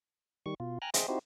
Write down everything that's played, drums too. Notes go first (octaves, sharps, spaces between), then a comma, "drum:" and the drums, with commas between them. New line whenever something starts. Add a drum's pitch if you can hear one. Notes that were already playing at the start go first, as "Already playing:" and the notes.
D#3 G3 C#6
B2 F4
G5 G#5 A#5 F6 F#6
G#4 C5 D#5 E5 G5, drum: hi-hat
C4 D#4 E4 F#4 G4 C5